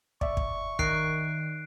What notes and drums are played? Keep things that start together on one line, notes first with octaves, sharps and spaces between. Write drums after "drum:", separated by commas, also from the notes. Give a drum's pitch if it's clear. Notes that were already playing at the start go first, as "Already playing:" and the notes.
D5 E5 C#6, drum: kick
drum: kick
D#3 F#6 C7 D7, drum: kick